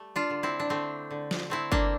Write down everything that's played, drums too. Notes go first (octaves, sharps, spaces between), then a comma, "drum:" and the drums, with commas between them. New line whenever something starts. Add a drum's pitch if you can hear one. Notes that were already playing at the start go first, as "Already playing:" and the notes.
Already playing: G3 A3
D4 F4
D3
C4 E4
D4
D3 A3 C4
D3
drum: snare
A3 C4 E4
A#3 D4, drum: kick G1